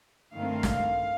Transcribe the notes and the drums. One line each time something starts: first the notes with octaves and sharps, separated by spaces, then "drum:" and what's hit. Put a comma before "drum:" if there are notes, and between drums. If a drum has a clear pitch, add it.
G2 D#3 A3 C4 F5
drum: snare